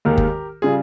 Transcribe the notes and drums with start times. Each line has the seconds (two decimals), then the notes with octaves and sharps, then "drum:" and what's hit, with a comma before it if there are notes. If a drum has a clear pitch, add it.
0.05 D#2 D#3 G#3 D#4 G4 A#4
0.17 drum: kick F#1
0.62 C#3 G3 F4 G#4